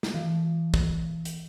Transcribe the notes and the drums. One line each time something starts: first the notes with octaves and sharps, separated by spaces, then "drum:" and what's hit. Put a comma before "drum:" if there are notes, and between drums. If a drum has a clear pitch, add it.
drum: snare
E3
drum: kick
drum: hi-hat